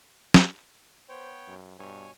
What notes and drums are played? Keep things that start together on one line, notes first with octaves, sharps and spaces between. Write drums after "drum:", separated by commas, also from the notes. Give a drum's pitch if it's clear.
drum: snare
B3 C5 C#5 G5
F#2
G2 B2 C#5 G#5